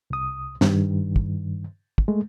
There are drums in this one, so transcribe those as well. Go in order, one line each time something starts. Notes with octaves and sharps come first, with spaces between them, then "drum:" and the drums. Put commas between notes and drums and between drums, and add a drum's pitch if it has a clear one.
C2 D#6
G2 D#3, drum: snare
drum: kick
drum: kick
G#3 A3